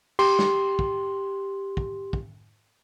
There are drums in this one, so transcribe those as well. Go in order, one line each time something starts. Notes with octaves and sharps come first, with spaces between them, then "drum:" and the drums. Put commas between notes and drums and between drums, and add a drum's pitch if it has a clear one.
G4 C6, drum: cymbal
drum: snare
drum: kick
drum: kick
drum: kick